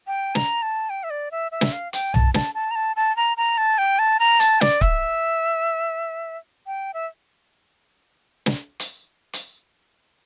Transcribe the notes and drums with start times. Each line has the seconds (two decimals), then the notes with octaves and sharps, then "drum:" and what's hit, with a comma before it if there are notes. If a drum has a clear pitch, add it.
0.07 G5
0.35 A#5, drum: snare
0.62 A5
0.90 G5
1.04 E5
1.10 D5
1.32 E5
1.52 E5
1.61 drum: snare
1.72 F5
1.93 G5, drum: hi-hat
2.14 A5, drum: tom B1
2.34 A5, drum: snare
2.55 A5
2.71 A#5
2.76 A5
2.96 A5
3.17 A#5
3.37 A#5
3.58 A5
3.78 G5
3.99 A5
4.20 A#5
4.40 A5, drum: hi-hat
4.61 D5, drum: snare
4.81 E5, drum: kick C#1
6.67 G5
6.94 E5
8.46 drum: snare
8.80 drum: hi-hat
9.33 drum: hi-hat